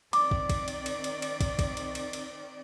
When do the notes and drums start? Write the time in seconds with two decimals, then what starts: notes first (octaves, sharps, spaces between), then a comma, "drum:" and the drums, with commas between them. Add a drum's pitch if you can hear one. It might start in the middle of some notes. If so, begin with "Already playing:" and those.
0.13 D#3 C4 D5 D6, drum: cymbal
0.31 drum: kick
0.50 drum: kick, cymbal
0.68 drum: cymbal
0.86 drum: cymbal
1.04 drum: cymbal
1.22 drum: cymbal
1.41 drum: kick, cymbal
1.59 drum: kick, cymbal
1.77 drum: cymbal
1.95 drum: cymbal
2.13 drum: cymbal